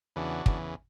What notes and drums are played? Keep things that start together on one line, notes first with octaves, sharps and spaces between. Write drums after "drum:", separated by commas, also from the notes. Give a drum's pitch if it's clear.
E2 C#3 E3 D4 F#4
E2 C#3 E3, drum: kick